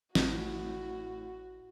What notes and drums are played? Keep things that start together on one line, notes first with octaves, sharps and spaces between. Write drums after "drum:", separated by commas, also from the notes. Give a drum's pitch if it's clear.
A1 A2 F#4, drum: snare